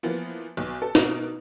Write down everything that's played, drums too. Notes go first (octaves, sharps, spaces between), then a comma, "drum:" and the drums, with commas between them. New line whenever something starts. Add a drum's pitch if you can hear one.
E3 F3 A#3 B3
B1 B2
A4
B2 A#4 F7, drum: snare